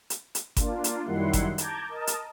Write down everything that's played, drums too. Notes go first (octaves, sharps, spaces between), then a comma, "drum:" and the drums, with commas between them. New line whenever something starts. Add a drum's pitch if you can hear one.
drum: hi-hat
drum: hi-hat
A#3 D4 F4, drum: kick G1, hi-hat
drum: hi-hat
F#2 D#3 G3 E4 F#5 C6
drum: kick G1, hi-hat
A5 A#5 D6 G6 G#6, drum: hi-hat
A#4 D#5 A5
drum: hi-hat